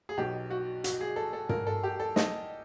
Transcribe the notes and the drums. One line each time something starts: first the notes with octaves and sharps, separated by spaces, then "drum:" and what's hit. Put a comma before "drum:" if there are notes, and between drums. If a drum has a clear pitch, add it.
G#4
B1 B2 F#3 G4
F#4
F#4, drum: hi-hat
G#4
A4
A4
A#4, drum: tom
A4
G4
A4
D#5, drum: snare